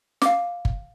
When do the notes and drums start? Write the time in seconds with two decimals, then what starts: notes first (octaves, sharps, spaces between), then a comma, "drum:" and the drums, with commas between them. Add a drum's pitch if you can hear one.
0.22 F5 D6, drum: snare
0.65 drum: kick G1